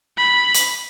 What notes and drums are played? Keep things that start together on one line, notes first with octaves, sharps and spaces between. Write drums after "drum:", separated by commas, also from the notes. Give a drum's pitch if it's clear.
B5
drum: hi-hat